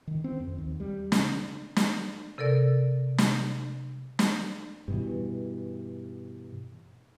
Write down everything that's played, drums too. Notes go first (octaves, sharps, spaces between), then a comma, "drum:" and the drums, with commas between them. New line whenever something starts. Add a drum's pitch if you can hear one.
D#3
C4
F2
D#2
G3
C#3, drum: snare
drum: snare
C3 A4 A#4 D5
drum: snare
drum: snare
G2 B2 E3